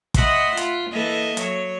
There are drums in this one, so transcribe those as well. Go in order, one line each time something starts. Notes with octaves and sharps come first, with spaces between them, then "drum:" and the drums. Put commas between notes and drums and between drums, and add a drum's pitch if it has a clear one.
D#5 E5 F#5 B5 C6, drum: kick, hi-hat
F4, drum: hi-hat
E3 A#3 A4 D#5 E5
F#3 C#5, drum: hi-hat